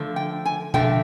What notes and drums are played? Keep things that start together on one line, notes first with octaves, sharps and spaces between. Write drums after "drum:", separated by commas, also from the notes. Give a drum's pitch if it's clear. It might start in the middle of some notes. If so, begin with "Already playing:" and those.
Already playing: D3 F3 A3
G5
G#5
D3 F3 A3 G5, drum: tom B2